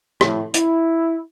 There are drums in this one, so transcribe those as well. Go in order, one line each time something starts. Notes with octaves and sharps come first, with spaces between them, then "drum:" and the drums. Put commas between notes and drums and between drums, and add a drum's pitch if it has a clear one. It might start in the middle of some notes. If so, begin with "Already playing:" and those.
A2, drum: rim click
E4, drum: hi-hat